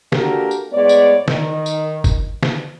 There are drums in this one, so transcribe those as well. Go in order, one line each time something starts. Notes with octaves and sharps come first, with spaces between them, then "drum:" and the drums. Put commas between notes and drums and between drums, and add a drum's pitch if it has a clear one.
A#3 D4 F#4 G4 A4 A#4, drum: snare
drum: tambourine
A2 G#3 B3 C#5 D5
drum: tambourine
D#3, drum: snare
drum: tambourine
drum: kick, tambourine
drum: snare